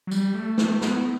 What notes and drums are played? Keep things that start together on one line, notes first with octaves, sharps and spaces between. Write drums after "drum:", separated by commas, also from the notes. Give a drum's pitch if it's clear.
F#3
G3, drum: tambourine
A3
A3, drum: snare
B3, drum: snare